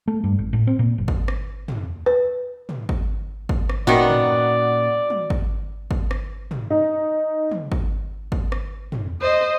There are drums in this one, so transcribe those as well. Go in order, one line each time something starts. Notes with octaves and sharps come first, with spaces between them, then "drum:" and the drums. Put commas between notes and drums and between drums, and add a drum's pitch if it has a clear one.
A3
G2
G#1
A2
C4
A#2
F#1
drum: kick
drum: rim click
drum: tom
B4
drum: tom
drum: kick
drum: kick
drum: rim click
A#2 D#3 B3 C#4 F#4 A#4 D5
drum: tom
drum: tom
drum: kick
drum: kick
drum: rim click
drum: tom
D#4
drum: tom
drum: kick
drum: kick
drum: rim click
drum: tom
C5 D#5